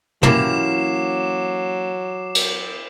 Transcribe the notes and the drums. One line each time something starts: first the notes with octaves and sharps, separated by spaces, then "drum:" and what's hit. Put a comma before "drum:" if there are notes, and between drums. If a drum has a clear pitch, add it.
E3 F#3 A#3 C#4 G4 D6 C7 E7, drum: tom
drum: cymbal